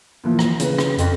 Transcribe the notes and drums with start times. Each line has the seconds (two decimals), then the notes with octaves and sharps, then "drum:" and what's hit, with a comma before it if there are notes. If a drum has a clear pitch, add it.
0.24 A#2 E3 F3
0.39 drum: rim click
0.60 C#3 B4, drum: hi-hat
0.79 drum: rim click
0.98 F2, drum: hi-hat